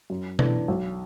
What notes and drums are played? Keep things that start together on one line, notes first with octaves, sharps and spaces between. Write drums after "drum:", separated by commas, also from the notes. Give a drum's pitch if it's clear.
F#2
E3 B3 D4 A4, drum: tom B2
B1